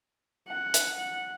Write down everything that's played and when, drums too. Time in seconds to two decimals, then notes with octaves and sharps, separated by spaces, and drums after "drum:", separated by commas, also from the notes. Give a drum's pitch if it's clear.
0.48 F#5
0.74 drum: hi-hat
0.97 F#5